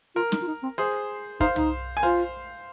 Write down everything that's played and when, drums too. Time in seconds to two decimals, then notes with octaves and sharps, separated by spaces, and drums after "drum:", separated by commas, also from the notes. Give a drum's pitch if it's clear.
0.16 F4 A#4
0.32 D#4, drum: snare
0.42 F4
0.47 D#4
0.63 C4
0.78 G#4 C5
1.40 D#4 C5 F5, drum: kick
1.56 D#4, drum: tom
1.97 G#5
2.03 F4 C5 F5